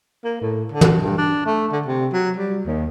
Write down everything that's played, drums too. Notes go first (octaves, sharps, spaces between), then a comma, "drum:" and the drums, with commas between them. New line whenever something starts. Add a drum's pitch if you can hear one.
A#3
A2
D3
drum: tom
G2
D4
A3
D3
C3
F#3
G3
D#2